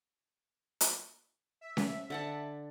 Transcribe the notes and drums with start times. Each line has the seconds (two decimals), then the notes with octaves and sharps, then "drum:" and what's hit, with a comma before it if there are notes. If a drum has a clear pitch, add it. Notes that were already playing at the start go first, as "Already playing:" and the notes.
0.81 drum: hi-hat
1.61 E5
1.77 drum: snare C#4
2.10 D3 F#5 A5